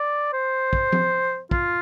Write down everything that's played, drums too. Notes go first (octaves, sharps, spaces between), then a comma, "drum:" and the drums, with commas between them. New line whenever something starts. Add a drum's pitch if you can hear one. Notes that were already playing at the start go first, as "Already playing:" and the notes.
Already playing: D5
C5
drum: kick
drum: tom F3
F4, drum: kick